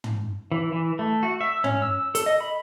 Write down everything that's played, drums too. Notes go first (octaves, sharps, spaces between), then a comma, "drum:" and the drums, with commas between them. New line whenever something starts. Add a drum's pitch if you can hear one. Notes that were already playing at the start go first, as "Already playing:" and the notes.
drum: tom
E3
E3
A3
F#4
E5
C#4, drum: tom
E6
A4, drum: hi-hat
D#5
B5